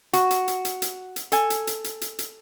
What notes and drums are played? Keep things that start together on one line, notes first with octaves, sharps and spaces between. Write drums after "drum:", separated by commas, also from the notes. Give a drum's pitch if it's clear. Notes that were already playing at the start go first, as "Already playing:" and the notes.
F#4, drum: hi-hat
drum: hi-hat
drum: hi-hat
drum: hi-hat
drum: hi-hat
drum: hi-hat
A4 G#5, drum: hi-hat
drum: hi-hat
drum: hi-hat
drum: hi-hat
drum: hi-hat
drum: hi-hat